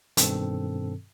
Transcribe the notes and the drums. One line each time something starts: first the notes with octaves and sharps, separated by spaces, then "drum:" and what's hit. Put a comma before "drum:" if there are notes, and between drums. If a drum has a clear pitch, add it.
G2 B2 D#3 C4 A4, drum: hi-hat